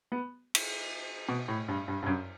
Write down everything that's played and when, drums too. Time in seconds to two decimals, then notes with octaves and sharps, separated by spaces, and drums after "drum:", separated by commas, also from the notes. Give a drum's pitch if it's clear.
0.12 B3
0.55 drum: cymbal
1.29 B2
1.48 A2
1.68 G2
1.88 G2
2.02 G2
2.06 F#2